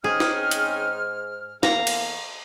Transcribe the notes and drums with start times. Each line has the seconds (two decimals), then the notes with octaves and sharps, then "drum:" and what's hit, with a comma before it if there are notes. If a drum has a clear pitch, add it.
0.04 G#2 C4 C#4 D#4 G#4 F6
0.20 drum: snare
0.51 drum: hi-hat
1.63 E2 A#3 F5 A#5, drum: snare
1.87 drum: cymbal